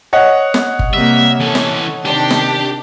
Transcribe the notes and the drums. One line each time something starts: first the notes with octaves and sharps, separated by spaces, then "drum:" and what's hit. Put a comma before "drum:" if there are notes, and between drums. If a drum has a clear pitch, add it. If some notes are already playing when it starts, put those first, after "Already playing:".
C#5 D#5 F#5
drum: snare
drum: kick G1
C3 G3 A#3 E5
E3 C#4 A4
drum: snare
C3 D#3 D4 G4
drum: snare